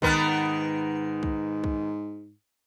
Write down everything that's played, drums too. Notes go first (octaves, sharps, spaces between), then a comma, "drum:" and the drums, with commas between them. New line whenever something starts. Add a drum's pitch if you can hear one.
G#2 D#3 B3 A#4, drum: kick
drum: kick
drum: kick